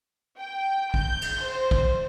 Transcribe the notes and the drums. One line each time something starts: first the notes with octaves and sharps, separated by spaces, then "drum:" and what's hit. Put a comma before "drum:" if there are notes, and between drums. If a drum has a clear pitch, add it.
G5
G6, drum: kick
drum: cymbal
C5
drum: kick